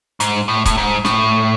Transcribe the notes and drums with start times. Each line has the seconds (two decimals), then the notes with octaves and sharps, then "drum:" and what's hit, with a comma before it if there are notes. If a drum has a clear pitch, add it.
0.20 G#2, drum: hi-hat
0.48 A2
0.66 A2, drum: kick, hi-hat
0.77 G#2
1.05 A2, drum: snare